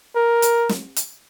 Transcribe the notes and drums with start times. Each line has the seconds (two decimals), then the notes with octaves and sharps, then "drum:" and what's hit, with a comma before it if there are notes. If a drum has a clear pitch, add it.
0.16 A#4
0.42 drum: hi-hat
0.69 drum: snare
0.96 drum: hi-hat